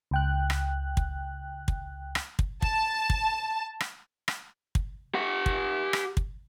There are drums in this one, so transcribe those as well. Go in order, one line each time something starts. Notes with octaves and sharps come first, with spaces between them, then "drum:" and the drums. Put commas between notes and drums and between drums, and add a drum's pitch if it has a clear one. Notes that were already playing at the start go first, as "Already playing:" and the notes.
C#2 G5 F#6
drum: rim click
drum: kick
drum: kick
drum: rim click
drum: kick
A5, drum: kick
drum: kick
drum: rim click
drum: rim click
drum: kick
G4 F#5
drum: kick
drum: rim click
drum: kick